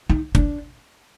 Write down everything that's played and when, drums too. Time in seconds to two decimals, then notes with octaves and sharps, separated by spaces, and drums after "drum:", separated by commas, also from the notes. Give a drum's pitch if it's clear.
0.10 D#4
0.35 D4, drum: kick